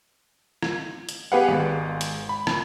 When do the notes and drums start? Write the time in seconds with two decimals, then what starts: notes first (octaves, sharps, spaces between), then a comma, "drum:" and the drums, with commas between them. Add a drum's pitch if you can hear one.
0.62 drum: rim click
1.09 drum: hi-hat
1.32 B3 G4 G#4 B4 F5 F#5
1.48 G#1 G#3
2.01 drum: hi-hat
2.29 B5
2.47 drum: rim click